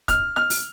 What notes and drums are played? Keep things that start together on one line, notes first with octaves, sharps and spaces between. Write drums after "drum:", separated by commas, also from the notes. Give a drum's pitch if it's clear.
F6, drum: kick, hi-hat
F6
drum: open hi-hat